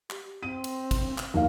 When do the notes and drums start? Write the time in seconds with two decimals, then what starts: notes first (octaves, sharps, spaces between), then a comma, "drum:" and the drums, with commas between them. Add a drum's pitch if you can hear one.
0.10 G4, drum: clap
0.43 C4 D#7
0.64 drum: cymbal
0.91 drum: kick, cymbal
1.18 drum: clap
1.34 D#2 F5